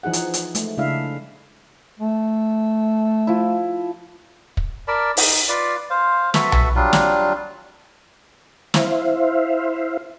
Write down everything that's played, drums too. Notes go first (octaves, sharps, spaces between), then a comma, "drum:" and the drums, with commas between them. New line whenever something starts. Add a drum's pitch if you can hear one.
E3 F3 D#4 G#4 F#5
drum: hi-hat
drum: hi-hat
G#3 A3, drum: hi-hat
C#3 G#3 D4 E4 E5 F5
A3
F3 E4
drum: kick
A#4 D5 A5 B5
D#4, drum: open hi-hat
F4 B4 D5 F5
C5 F5
F#4 A4 B4 E5, drum: snare
drum: tom B1
F#3 G3 D4 F4
drum: snare
E4 C5 E5 F5, drum: snare